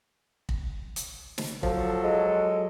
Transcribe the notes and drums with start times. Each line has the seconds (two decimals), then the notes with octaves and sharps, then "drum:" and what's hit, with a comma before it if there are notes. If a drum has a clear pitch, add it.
0.49 drum: kick
0.96 drum: hi-hat
1.38 drum: snare
1.63 F3 F#3 A4, drum: kick
2.04 G#3